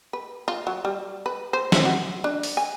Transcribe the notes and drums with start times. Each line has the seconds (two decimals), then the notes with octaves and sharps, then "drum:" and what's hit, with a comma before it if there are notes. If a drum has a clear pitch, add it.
0.13 B4
0.48 F4
0.67 F#3
0.85 G3
1.26 B4
1.53 C5
1.72 E5, drum: snare
1.85 F#4
2.24 D4
2.43 drum: open hi-hat
2.57 G#5